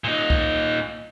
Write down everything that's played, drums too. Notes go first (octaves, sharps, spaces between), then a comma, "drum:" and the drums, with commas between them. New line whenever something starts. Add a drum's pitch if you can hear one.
A#2 D#4
drum: kick C2